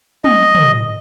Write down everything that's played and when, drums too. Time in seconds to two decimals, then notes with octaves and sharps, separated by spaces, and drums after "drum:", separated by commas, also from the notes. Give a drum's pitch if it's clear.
0.24 D#5, drum: tom
0.55 drum: tom